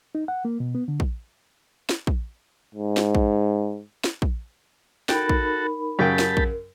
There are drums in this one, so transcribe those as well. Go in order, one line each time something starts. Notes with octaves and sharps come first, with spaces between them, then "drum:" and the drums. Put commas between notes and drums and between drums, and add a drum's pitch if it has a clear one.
D#4
F#5
A#3
B2
B3
D3
drum: kick
drum: snare
drum: kick
G#2
drum: snare
drum: kick
drum: snare
drum: kick
D#4 F#4 A4 A#4 G5 B5, drum: snare
drum: kick
F#2 C#3 G4 A#4 G5 A5 B5
drum: snare
drum: kick